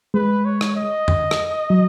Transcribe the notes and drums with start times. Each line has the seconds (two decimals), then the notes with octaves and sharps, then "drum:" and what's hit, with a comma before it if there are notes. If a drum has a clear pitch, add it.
0.14 G#3 B4
0.45 C#5
0.61 drum: rim click
0.76 D#5
1.08 drum: tom F2
1.31 drum: rim click
1.70 F#3